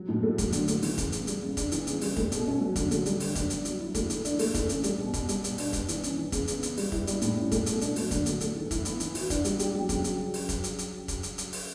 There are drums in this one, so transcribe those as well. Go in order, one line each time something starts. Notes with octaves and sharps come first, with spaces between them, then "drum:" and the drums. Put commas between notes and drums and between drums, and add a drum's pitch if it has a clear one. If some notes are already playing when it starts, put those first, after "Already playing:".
Already playing: F#3
A2
A3
F#3, drum: kick, hi-hat
D3, drum: hi-hat
A3, drum: hi-hat
E3, drum: open hi-hat
C#3, drum: kick, hi-hat
B3, drum: hi-hat
G3, drum: hi-hat
C#3
D4, drum: kick, hi-hat
E3, drum: hi-hat
C#3, drum: hi-hat
G3, drum: open hi-hat
A3, drum: kick
B2, drum: hi-hat
C#4
F#3
D3, drum: kick, hi-hat
A3, drum: hi-hat
G3, drum: hi-hat
D3, drum: open hi-hat
D4, drum: kick, hi-hat
B3, drum: hi-hat
F#3, drum: hi-hat
E4
A3, drum: kick, hi-hat
E3, drum: hi-hat
D4, drum: hi-hat
A3, drum: open hi-hat
E3, drum: kick, hi-hat
C#4, drum: hi-hat
G3, drum: hi-hat
B2
B3, drum: kick, hi-hat
G3, drum: hi-hat
B2, drum: hi-hat
D4, drum: open hi-hat
G3, drum: kick, hi-hat
E3, drum: hi-hat
C#4, drum: hi-hat
E3
C#3, drum: kick, hi-hat
B3, drum: hi-hat
B3, drum: hi-hat
G3, drum: open hi-hat
E4, drum: kick
G3, drum: hi-hat
A2, drum: hi-hat
C#4
A3, drum: kick, hi-hat
B2, drum: hi-hat
D4, drum: hi-hat
F#3, drum: open hi-hat
D3, drum: kick, hi-hat
A3, drum: hi-hat
A3, drum: hi-hat
E3
E4, drum: kick, hi-hat
B3, drum: hi-hat
E3, drum: hi-hat
F#4, drum: open hi-hat
D4, drum: kick, hi-hat
G3, drum: hi-hat
G4, drum: hi-hat
F#3
C#3, drum: kick, hi-hat
drum: hi-hat
drum: open hi-hat
drum: kick, hi-hat
drum: hi-hat
drum: hi-hat
drum: kick, hi-hat
drum: hi-hat
drum: hi-hat
drum: open hi-hat